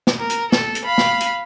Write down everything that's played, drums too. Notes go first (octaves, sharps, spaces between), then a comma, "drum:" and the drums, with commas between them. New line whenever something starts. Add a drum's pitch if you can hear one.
drum: snare
A#4
drum: hi-hat
A4, drum: snare
drum: hi-hat
F5 B5
drum: snare
drum: hi-hat